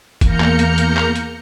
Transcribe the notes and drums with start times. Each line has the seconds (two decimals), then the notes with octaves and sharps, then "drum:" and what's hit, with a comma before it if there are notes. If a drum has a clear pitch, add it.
0.21 E2 A#3 A#5 F6 G6 C#7, drum: kick, hi-hat
0.40 drum: clap
0.59 drum: hi-hat
0.78 drum: hi-hat
0.97 drum: clap
1.15 drum: hi-hat